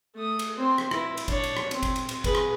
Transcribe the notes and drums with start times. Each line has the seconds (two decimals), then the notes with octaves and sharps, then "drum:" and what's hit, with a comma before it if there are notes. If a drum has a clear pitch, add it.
0.16 A3 D#6
0.39 drum: cymbal
0.57 C4 C5
0.78 drum: rim click
0.91 E4 B4, drum: rim click
1.17 drum: cymbal
1.28 D4 C#5, drum: kick G1, cymbal
1.44 drum: cymbal
1.57 drum: rim click
1.71 C4, drum: cymbal
1.83 drum: kick G1, cymbal
1.96 drum: cymbal
2.09 drum: cymbal
2.24 G#4 B4, drum: kick G1, cymbal
2.35 drum: rim click